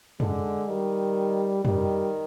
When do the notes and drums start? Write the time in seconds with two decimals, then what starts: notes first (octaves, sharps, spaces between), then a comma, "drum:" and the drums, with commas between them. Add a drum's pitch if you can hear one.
0.20 D3 G#3, drum: tom
0.68 D#3 G3
1.65 D#3 G3, drum: tom